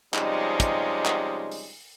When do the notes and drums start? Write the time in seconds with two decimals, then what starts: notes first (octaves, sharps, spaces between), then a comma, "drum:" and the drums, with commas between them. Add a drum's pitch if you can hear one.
0.14 C3 F3 G3 G#3 C#4 D#4, drum: clap
0.60 drum: kick, hi-hat
1.06 drum: clap
1.51 drum: open hi-hat